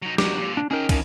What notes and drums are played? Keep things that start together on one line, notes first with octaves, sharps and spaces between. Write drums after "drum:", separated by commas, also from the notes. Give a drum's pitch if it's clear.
F#3 D#4
E2 F#3 G4, drum: snare
A#2 D3
D4
C#4 D#4 G#4 A#4 G5
E2 F3, drum: kick, cymbal